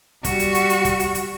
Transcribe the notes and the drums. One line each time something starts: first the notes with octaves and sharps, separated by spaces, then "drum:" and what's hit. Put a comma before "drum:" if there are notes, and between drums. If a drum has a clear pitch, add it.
G3 F#4, drum: kick, hi-hat
drum: hi-hat
drum: hi-hat
drum: hi-hat
drum: kick, hi-hat
drum: hi-hat
drum: hi-hat